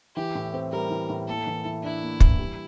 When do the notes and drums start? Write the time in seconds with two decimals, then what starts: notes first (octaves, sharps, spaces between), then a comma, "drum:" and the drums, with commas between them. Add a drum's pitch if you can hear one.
0.17 E3 G4
0.35 A2
0.54 C4
0.72 G3 A#4
0.91 E3
1.10 A2
1.27 A#3 A4
1.47 E3
1.65 E3
1.83 D4 E4
2.02 A#3
2.20 E3, drum: kick
2.39 G3